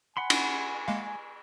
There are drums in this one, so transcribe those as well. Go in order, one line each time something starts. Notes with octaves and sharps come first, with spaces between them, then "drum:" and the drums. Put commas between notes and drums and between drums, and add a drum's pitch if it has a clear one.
F#5 G#5 B5 C6
drum: cymbal
G#3 A#3 F5